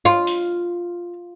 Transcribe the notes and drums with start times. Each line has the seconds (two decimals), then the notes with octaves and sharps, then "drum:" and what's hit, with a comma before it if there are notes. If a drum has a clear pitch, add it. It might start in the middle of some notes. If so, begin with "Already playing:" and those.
0.05 F4
0.27 drum: open hi-hat